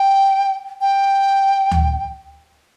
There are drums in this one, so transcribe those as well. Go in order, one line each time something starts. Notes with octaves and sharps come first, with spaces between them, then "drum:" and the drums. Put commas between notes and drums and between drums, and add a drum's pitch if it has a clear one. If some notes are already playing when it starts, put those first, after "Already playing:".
Already playing: G5
G5
drum: tom D2